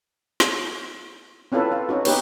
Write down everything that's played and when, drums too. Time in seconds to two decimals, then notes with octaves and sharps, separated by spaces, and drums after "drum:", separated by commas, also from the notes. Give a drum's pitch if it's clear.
0.40 drum: snare
1.52 C4 C#4 E4 F4 A4 B4
1.72 F4
1.89 C#4 D#4 F#4
2.05 B3 D#4 G4 B4 C#5, drum: cymbal